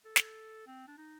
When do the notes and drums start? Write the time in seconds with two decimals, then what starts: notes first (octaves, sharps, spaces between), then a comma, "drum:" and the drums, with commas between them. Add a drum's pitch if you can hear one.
0.05 A4
0.16 drum: snare
0.67 C4
0.88 D4
0.98 D#4